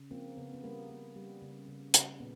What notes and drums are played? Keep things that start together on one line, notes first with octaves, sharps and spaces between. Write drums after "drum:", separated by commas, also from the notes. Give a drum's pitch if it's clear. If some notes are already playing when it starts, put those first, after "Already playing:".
Already playing: C#3
F3 A#3 C4
C#3 B3
B3
G3 A#3
A#3
G3
C#3
C#3
C#3, drum: hi-hat
A#2 B3